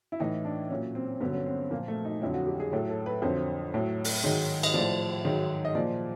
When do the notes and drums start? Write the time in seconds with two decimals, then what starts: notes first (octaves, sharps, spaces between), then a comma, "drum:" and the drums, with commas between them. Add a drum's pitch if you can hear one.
0.12 E4
0.20 A2 E3 D#4
0.45 D4
0.70 A#2 F#3 C#4
0.95 C4
1.20 G2 D3 F#3 B3
1.33 C#4
1.47 C4
1.71 A#2 F3 A#3
1.88 A3
2.05 D#4
2.22 F2 D3 F#3 E4
2.34 F#4
2.47 G4
2.60 G#4
2.72 A2 F#3 A4
2.89 A4
3.06 B4
3.22 F2 D3 F#3 C5
3.74 A2 F#3
4.04 drum: open hi-hat
4.23 G#2 D#3 F#3
4.63 D#5, drum: cymbal
4.74 A2 F3 D5
5.25 G#2 D#3 F#3
5.65 D#5
5.75 A#2 F3 D5